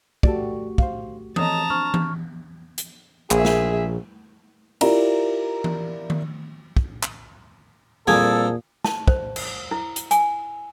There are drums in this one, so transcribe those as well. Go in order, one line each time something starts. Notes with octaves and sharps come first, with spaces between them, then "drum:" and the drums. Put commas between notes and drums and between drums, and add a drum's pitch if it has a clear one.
A3 F#4 G4 A4 D5, drum: kick
C5 F5, drum: kick
F3 C4 A4 C#5 D#5 A5 A#5 D#6, drum: tom E3
D4 C5 C#6 F6
drum: tom E3
drum: hi-hat
A#1 G#4 E5, drum: clap
drum: snare
E4 F4 G4 A#4 D5 A#5, drum: cymbal
drum: tom E3
drum: tom D#3
drum: kick
drum: clap
C2 A#2 F3 A#3 G#4 A4
A5, drum: snare
C5, drum: kick
drum: cymbal
E4
drum: hi-hat
G#5, drum: hi-hat